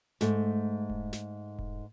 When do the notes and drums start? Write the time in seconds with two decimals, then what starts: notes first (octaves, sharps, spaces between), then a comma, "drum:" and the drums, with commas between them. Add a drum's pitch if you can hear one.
0.21 G#2 A3, drum: snare
0.90 drum: kick E1
1.13 drum: snare
1.59 drum: kick E1